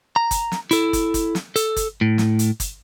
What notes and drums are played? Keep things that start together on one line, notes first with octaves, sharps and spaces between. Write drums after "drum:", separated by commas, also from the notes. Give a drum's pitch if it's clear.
A#5
drum: kick, hi-hat
drum: snare
E4 A4, drum: hi-hat
drum: kick, hi-hat
drum: kick, hi-hat
drum: snare
A4, drum: hi-hat
drum: kick, hi-hat
A2
drum: snare
drum: hi-hat
drum: kick, hi-hat